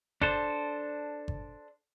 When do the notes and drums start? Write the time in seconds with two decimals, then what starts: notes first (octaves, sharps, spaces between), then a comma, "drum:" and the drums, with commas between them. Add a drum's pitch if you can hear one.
0.22 D4 A4 C5, drum: kick G1
1.28 drum: kick G1